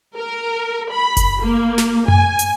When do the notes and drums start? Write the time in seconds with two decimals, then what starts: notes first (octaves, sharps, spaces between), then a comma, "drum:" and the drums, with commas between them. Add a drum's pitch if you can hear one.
0.17 A#4
0.92 B5
1.17 drum: kick F#1, hi-hat
1.42 A#3
1.78 drum: snare
2.08 G#5, drum: tom F#2
2.39 drum: hi-hat